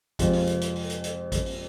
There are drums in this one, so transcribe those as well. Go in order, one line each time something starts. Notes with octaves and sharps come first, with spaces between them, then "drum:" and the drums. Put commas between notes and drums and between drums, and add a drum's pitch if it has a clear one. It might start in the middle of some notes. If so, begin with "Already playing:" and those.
F2 C3 G#3 F4, drum: kick A1, hi-hat
drum: open hi-hat
drum: hi-hat
drum: hi-hat
drum: open hi-hat
drum: hi-hat
drum: hi-hat
drum: kick A1, hi-hat
drum: open hi-hat